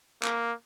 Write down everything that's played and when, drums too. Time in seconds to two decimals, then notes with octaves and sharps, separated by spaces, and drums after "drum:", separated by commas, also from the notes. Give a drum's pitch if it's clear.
0.23 A#3, drum: clap